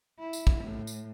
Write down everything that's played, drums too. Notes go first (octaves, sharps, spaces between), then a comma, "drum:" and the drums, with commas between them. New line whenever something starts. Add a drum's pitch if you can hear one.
E4
drum: tambourine
drum: kick
A2
drum: tambourine